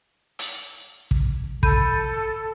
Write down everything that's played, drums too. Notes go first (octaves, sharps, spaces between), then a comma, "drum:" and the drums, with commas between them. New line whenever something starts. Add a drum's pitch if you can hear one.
drum: hi-hat
drum: kick
A4 B5 G6 D#7, drum: kick